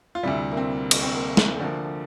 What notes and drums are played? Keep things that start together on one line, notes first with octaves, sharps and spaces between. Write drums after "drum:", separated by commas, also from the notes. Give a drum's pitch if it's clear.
F4
D2 C3 G3 E4
A#3
C4
A#3, drum: cymbal
C4
A#3
drum: snare
D2 D3 F3 A#3